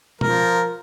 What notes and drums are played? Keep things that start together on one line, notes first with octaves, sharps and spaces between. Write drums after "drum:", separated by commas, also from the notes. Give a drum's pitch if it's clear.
F3 A#4, drum: tom B2